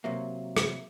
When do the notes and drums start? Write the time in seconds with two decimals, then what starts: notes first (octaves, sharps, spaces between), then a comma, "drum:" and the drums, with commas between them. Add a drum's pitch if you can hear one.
0.04 C3 F#3 A#3 E5
0.57 drum: rim click